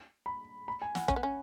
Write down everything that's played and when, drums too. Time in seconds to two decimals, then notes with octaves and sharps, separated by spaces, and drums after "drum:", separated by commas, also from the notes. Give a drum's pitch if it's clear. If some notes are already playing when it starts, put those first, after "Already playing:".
0.26 B5
0.68 B5
0.82 G#5
0.95 F#5, drum: snare
1.08 C#4, drum: kick
1.16 B3
1.23 C#4